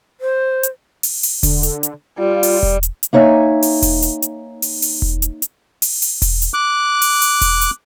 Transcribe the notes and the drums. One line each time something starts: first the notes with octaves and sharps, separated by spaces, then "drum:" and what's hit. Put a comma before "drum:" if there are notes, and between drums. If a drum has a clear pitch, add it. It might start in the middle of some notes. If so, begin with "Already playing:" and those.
C5
drum: hi-hat
drum: open hi-hat
drum: open hi-hat
D3, drum: kick E1, open hi-hat
drum: hi-hat
drum: hi-hat
G3 F4
drum: open hi-hat
drum: kick E1
drum: hi-hat
drum: hi-hat
A#3 D#4 C#5 E5 G#5
drum: open hi-hat
drum: kick E1, open hi-hat
drum: hi-hat
drum: hi-hat
drum: open hi-hat
drum: open hi-hat
drum: kick E1
drum: hi-hat
drum: hi-hat
drum: open hi-hat
drum: open hi-hat
drum: kick E1, open hi-hat
drum: hi-hat
D6 F#6
drum: open hi-hat
drum: open hi-hat
drum: kick E1, open hi-hat
drum: hi-hat